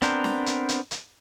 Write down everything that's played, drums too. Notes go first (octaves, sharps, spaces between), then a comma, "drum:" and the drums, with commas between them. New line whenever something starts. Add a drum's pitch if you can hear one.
B3 C4 D4 A#4 C5, drum: hi-hat
drum: snare
drum: hi-hat
drum: hi-hat
drum: hi-hat